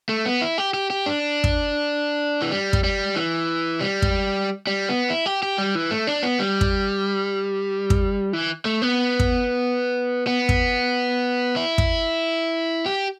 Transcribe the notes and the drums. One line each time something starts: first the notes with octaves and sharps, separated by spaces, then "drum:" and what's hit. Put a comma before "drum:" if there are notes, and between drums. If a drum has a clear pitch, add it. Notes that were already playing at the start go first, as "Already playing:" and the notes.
A3
B3
E4
G4
G4
G4
D4
drum: kick
E3
G3
drum: kick
G3
E3
G3
drum: kick
G3
B3
E4
G4
G4
G3
E3
A3
D4
B3
G3
drum: kick
drum: kick
E3
A3
B3
drum: kick
B3
drum: kick
E4
drum: kick
G4